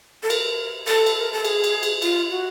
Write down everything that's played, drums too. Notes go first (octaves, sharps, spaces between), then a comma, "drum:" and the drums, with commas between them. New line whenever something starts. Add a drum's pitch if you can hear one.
A4
A#4, drum: cymbal
A4, drum: cymbal
drum: cymbal
A#4
A4
G#4, drum: cymbal
drum: cymbal
drum: cymbal
F4, drum: cymbal
F#4